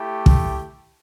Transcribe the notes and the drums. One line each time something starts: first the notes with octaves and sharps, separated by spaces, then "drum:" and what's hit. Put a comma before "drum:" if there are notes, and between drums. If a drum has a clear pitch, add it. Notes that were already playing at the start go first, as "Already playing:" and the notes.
Already playing: A3 E4 G4
drum: kick